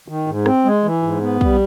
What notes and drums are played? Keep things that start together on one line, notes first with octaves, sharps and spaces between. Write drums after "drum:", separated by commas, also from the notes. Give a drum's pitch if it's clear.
D#3
G#2
C4, drum: rim click
G#3
E3
G#2
B3
G3, drum: kick